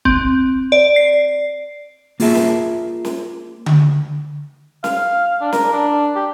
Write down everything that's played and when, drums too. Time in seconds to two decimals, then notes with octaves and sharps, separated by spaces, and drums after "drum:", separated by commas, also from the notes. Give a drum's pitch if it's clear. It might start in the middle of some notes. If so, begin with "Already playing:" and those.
0.05 C4, drum: kick
0.72 D5
0.96 C7
2.20 A#3 F4 G#4 E5 A5, drum: open hi-hat
2.35 drum: snare
3.05 drum: snare
3.66 drum: tom D3
4.84 F5, drum: snare
5.41 D4
5.53 A#4, drum: snare
5.73 D4
6.16 G4